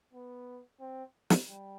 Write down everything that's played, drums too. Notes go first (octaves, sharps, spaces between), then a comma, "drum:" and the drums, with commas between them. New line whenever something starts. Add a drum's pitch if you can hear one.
B3
C4
drum: snare
G3